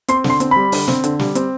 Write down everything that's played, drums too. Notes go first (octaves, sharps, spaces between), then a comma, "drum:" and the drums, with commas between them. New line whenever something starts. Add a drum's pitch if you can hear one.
C4 C6, drum: hi-hat
D3, drum: snare
C6
C4, drum: hi-hat
G3 B5
D3, drum: open hi-hat
C4, drum: snare
D3, drum: hi-hat
G3, drum: snare
C4, drum: hi-hat